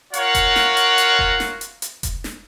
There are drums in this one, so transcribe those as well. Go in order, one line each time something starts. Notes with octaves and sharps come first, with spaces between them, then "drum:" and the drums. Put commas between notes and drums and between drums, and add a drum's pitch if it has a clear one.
F4 F#4 A#4 C#5 F5 F#5, drum: hi-hat
drum: kick F1, hi-hat
drum: snare
drum: hi-hat
drum: hi-hat
drum: kick F1
drum: snare
drum: hi-hat
drum: hi-hat
drum: kick F1, hi-hat
drum: snare